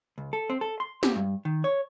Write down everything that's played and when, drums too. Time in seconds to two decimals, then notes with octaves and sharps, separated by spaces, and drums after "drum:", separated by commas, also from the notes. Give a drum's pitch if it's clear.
0.18 C#2
0.33 A4
0.50 C4
0.61 A4
0.80 C6
1.03 G4, drum: snare
1.16 G2
1.45 D#3
1.64 C#5